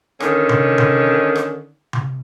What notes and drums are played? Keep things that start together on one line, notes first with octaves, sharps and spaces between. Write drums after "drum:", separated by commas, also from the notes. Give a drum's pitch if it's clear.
D3 D#3 C#4, drum: rim click
drum: tom C3
drum: tom C3
drum: rim click
drum: tom C3